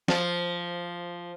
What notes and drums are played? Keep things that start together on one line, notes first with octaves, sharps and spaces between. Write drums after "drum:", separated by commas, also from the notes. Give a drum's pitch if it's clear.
F3, drum: snare